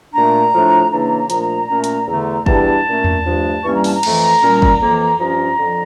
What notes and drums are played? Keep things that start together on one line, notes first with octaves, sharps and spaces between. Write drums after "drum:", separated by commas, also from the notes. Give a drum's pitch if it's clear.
A#2 A3 D4 A#5
A2 F3 A3 D4
C#3 E3 A#3 D4 A#5
A#2 F3 A3 D4, drum: hi-hat
A#2 A3 C#4
drum: hi-hat
E2 D3 A3
E2 E3 G3 D4 A5, drum: kick
A#2 A3 C#4
drum: tom E2
G2 F3 A3 D4
G2 E3 G3 A#3 C#4 C#6
A#5
A5, drum: open hi-hat
A#5
F2 E3 A3, drum: cymbal
A#2 G3 C#4
drum: kick
F2 E3 A#3
G2 F3 C#4 A#5
F2 D3 F3